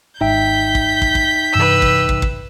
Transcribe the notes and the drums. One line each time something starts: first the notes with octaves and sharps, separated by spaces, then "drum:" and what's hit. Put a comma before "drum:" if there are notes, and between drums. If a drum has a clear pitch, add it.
G#1 D#4 E5 G5 G6 B6
drum: kick
drum: kick
drum: kick
G2 C3 E3 B4 E6
drum: kick
drum: kick
drum: kick